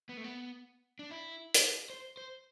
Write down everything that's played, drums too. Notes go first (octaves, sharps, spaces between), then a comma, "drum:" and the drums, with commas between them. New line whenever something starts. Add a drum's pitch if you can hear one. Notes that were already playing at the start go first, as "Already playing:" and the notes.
B3
A3
B3
D4
E4
drum: hi-hat
C5
C5